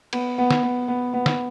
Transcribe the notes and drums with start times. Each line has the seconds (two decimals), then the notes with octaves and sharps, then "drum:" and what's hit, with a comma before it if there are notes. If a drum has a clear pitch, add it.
0.13 B3, drum: cymbal
0.38 B3
0.51 drum: snare
0.63 B3
0.88 B3
1.14 B3
1.26 drum: snare